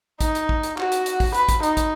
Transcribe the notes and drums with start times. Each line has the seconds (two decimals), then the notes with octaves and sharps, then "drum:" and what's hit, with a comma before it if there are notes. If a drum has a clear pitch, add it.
0.21 D#4, drum: kick, hi-hat
0.35 drum: hi-hat
0.49 drum: kick
0.63 drum: hi-hat
0.78 F#4, drum: clap
0.92 drum: hi-hat
1.06 drum: hi-hat
1.20 drum: kick, open hi-hat
1.34 B4, drum: hi-hat
1.49 drum: kick, hi-hat
1.63 D#4, drum: hi-hat
1.77 drum: kick, hi-hat